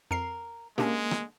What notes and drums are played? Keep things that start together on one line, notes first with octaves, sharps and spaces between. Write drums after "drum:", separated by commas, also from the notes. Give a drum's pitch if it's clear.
F2 A#4 C7
D3 G#3 A#3 C#4 D4 G4, drum: snare
drum: rim click